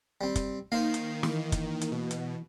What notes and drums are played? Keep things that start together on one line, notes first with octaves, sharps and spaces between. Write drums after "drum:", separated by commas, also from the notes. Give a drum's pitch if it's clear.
G3 C4
drum: kick, hi-hat
D#3 A#3 C5 F5
drum: hi-hat
E3, drum: snare
drum: kick, hi-hat
drum: hi-hat
B2
drum: hi-hat